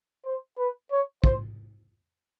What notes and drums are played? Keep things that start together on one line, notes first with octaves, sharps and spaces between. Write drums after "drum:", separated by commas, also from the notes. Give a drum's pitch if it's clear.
C5
B4
C#5
C5, drum: kick